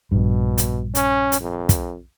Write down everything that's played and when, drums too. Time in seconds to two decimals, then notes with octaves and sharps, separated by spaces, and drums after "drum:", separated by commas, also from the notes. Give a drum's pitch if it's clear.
0.12 A#1 G2 B2
0.58 drum: hi-hat
0.95 C#4, drum: hi-hat
1.32 drum: hi-hat
1.41 F2
1.69 drum: kick, hi-hat